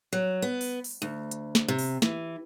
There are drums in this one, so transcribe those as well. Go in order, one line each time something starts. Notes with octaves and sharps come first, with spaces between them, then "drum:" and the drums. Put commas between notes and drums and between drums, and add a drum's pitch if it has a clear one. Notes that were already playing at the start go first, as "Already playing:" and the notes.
F#3
B3
drum: open hi-hat
drum: open hi-hat
D2
drum: hi-hat
drum: snare
C3
drum: open hi-hat
E3, drum: snare